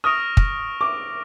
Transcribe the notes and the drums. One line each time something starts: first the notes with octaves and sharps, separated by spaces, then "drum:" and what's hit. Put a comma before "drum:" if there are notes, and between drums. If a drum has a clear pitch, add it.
C#6 D#6 F6 A#6 D7 F7
drum: kick
D6